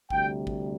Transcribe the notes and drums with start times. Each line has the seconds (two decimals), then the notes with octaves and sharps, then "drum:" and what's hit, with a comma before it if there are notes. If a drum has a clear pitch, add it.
0.10 D2 C3 G3 G5, drum: kick G#1
0.47 drum: kick G#1